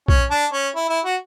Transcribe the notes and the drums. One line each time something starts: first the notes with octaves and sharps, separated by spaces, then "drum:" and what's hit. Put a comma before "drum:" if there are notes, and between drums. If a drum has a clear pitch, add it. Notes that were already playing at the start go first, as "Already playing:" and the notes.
C#4, drum: kick B1
D4
C#4
E4
E4
F#4